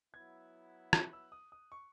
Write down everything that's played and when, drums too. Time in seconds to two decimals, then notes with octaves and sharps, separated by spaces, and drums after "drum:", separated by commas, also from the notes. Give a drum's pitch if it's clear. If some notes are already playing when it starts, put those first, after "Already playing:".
0.14 F#3 B3 E4 G#6
0.93 F#6, drum: rim click
1.13 E6
1.32 D#6
1.52 D#6
1.72 C#6